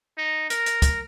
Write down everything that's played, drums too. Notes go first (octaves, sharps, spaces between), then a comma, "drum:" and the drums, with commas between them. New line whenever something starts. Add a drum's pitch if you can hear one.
D#4
A#4, drum: hi-hat
drum: hi-hat
drum: kick, hi-hat